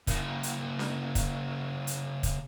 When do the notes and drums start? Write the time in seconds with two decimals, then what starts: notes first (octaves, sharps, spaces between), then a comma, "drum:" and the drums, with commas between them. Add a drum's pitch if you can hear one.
0.07 C#3 A#3, drum: kick, hi-hat
0.43 drum: hi-hat
0.79 drum: snare D4
1.15 drum: kick, hi-hat
1.87 drum: hi-hat
2.23 drum: kick, hi-hat